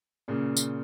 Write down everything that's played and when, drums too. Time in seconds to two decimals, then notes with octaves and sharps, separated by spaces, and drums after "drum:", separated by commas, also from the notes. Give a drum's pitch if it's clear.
0.28 A#2 C#3
0.57 drum: tambourine